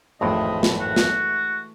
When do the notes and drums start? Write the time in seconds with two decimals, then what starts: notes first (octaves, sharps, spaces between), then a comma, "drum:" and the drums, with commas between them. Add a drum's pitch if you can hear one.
0.21 G#1 F2 A2 E3 G#3 A3 D#5
0.63 drum: snare
0.80 F#4
0.96 drum: snare